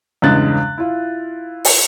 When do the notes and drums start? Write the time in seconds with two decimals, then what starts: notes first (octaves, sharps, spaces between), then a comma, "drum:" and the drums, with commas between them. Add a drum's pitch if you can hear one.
0.22 E2 G2 C#3 G#3 F#6 A6
0.78 E4 F4
1.65 drum: open hi-hat